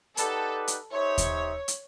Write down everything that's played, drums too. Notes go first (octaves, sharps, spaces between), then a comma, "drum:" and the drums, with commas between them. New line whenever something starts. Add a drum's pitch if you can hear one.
D#4 G4 A4 B4 D5 F#5, drum: hi-hat
drum: hi-hat
D#4 G4 C5 C#5 E5
drum: kick D#2, hi-hat
drum: hi-hat